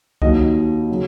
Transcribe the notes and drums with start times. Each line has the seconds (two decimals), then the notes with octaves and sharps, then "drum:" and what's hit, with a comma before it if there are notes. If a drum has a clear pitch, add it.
0.22 D#2 D#3 F#3 D#5, drum: kick C#2
0.90 C#3 F#3